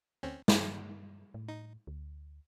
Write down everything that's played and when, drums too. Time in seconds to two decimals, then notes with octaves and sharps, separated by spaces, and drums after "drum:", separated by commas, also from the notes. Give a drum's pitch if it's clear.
0.23 D2 C4 C#4
0.48 G2 F4 C5 G#5, drum: snare
1.34 A2
1.48 D#4
1.87 D2